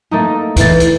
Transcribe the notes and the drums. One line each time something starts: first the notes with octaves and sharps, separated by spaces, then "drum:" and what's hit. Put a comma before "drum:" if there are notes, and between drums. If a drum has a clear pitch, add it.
A3 A#3 D#4
E3 G6 A6, drum: kick, hi-hat
drum: hi-hat